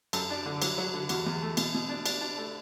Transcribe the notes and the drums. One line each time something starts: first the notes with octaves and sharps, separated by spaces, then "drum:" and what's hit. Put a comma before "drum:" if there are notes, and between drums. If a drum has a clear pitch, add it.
F#2 A4, drum: cymbal
D4
D3
F#3, drum: cymbal
F#3
D3
E2 F#4, drum: cymbal
E2
A3
B2, drum: cymbal
B2
D4
D4, drum: cymbal
D4
A3